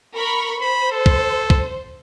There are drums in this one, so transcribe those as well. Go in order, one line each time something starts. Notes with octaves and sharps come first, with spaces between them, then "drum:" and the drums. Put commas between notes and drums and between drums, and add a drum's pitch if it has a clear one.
A#4 B5 C#6
C5 B5
A4
drum: kick
drum: kick